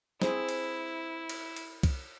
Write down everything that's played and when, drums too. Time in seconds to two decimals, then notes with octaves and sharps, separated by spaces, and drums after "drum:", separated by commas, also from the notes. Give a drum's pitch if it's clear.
0.22 C4 E4 G#4, drum: snare
0.49 drum: cymbal
1.29 drum: cymbal
1.56 drum: cymbal
1.83 drum: kick, cymbal